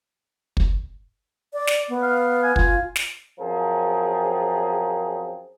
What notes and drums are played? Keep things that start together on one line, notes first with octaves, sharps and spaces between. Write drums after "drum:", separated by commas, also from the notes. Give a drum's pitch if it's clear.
drum: kick
D5
drum: snare
B3
F5
G#5
F4 G#5, drum: kick
drum: snare
F#2 F3 C4 G#4 A#4